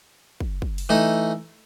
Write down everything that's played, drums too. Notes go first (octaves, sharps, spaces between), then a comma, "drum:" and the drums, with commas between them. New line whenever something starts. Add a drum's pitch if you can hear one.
drum: kick
drum: kick
drum: open hi-hat
E3 A3 D#4